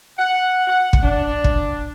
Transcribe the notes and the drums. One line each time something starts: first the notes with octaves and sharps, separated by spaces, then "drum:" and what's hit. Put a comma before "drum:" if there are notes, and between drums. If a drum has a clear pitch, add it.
F#5
F#5
drum: kick
D4
drum: kick